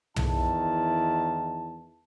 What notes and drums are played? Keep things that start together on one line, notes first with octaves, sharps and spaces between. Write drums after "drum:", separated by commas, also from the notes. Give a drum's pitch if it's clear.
E2 D#3 E4 A5, drum: tom